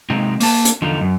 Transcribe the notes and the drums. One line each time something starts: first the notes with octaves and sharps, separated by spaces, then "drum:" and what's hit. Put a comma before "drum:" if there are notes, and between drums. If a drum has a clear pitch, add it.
C3 G#3 C4 D#4
A#3 A5, drum: open hi-hat
drum: hi-hat
E2 D3 F3 D#4
F#2